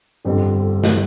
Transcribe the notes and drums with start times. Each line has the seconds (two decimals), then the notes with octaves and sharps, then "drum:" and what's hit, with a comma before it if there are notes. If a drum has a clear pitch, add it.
0.25 G1 F2 D3 G3 C4
0.84 drum: snare